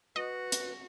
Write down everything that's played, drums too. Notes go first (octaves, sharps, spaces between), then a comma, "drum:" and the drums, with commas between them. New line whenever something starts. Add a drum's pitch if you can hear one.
F#4 B4 D#5
drum: hi-hat